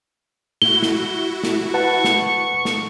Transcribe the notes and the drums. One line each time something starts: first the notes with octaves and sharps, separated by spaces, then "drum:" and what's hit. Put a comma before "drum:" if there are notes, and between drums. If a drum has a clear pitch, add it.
E4 F#4 G7
drum: snare
drum: snare
B4 F#5 A5 C#6
drum: snare
drum: snare